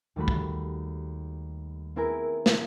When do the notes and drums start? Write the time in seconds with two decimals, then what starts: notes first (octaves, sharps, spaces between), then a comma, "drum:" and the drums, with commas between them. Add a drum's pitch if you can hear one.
0.16 D#2 G3 A3 F#4 B5
0.28 drum: kick
1.96 B3 C4 E4 G#4 A#4 B4
2.46 drum: snare